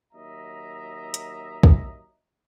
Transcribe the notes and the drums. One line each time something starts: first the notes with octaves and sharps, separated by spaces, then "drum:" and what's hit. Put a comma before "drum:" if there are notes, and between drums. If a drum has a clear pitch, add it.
D#2 F#3 D#5 E5 A#5
drum: hi-hat
drum: kick